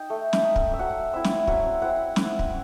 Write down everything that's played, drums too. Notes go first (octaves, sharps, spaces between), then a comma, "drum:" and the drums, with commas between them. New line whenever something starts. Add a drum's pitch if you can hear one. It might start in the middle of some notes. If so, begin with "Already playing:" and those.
Already playing: D#4 G5
A3
drum: snare
D#4
drum: kick
E5
F#3 F#5
C4 E4 E5
drum: snare
F#3 F#5, drum: kick
C4 E4 F#5
drum: snare
drum: kick